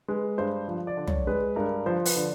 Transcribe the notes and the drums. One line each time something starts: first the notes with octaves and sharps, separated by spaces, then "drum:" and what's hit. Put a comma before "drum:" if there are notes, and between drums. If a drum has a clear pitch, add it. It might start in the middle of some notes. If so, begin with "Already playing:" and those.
G#3 B4
G2 C5
F3
D5
D3
C#5, drum: tom
G#3 B4
G2 A#4
F3 C5
B4, drum: open hi-hat
D3